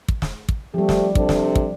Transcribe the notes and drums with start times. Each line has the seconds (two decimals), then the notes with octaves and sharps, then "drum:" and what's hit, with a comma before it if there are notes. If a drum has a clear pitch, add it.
0.09 drum: kick
0.22 drum: snare
0.49 drum: kick
0.74 F3 G3 A3 C4 G4
0.89 drum: snare
1.15 C3 D4 A4, drum: kick
1.29 drum: snare
1.56 drum: kick